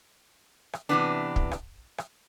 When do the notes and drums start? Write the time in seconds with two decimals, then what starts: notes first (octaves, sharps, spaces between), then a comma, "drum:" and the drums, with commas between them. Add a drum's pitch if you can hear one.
0.73 drum: rim click
0.89 C3 E3 B3 D4
1.36 drum: kick
1.51 drum: rim click
1.98 drum: rim click